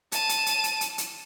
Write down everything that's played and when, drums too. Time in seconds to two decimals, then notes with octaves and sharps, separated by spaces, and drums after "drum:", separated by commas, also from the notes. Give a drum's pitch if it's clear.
0.12 A5 D#7, drum: hi-hat
0.29 drum: hi-hat
0.46 drum: hi-hat
0.64 drum: hi-hat
0.81 drum: hi-hat
0.98 drum: hi-hat